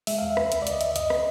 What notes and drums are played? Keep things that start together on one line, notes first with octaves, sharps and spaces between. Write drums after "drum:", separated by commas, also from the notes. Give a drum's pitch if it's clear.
G#3 E5, drum: open hi-hat
E2 F5
E5
C#2, drum: rim click
C#2, drum: hi-hat
D5
D2 D#5, drum: hi-hat
D2 E5, drum: hi-hat
F#2 D#5, drum: hi-hat
drum: rim click